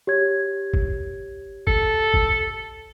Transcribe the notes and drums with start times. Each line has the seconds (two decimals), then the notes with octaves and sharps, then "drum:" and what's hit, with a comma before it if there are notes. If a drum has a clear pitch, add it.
0.07 G4 C#5 G#6
0.74 drum: kick G1
1.67 A4, drum: kick G1
2.14 drum: kick G1